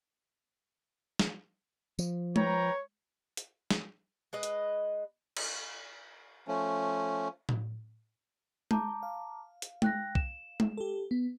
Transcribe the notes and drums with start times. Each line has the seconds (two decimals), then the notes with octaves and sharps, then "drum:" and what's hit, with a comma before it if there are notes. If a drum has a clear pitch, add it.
1.19 drum: snare
1.99 F3, drum: tambourine
2.36 B4 C#5 G5 A#5, drum: tom G#3
3.37 drum: hi-hat
3.71 drum: snare
4.33 G#3 B4 D#5
4.43 drum: hi-hat
5.37 drum: cymbal
6.48 F3 A3 C#4
7.49 drum: tom A2
8.71 A5 A#5 D6 G6, drum: tom G#3
9.03 F5
9.62 drum: hi-hat
9.82 G5 F#6 A#6, drum: tom G#3
10.15 E7, drum: kick B1
10.60 drum: tom G#3
10.78 G4 A4
11.11 B3